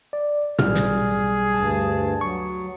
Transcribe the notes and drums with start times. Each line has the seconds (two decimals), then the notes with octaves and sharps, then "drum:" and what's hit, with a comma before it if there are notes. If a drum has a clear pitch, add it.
0.13 D5
0.59 B1 G3 G#4 F6, drum: tom
0.74 drum: snare
1.54 D2 G2 A5
2.21 F#3 C#6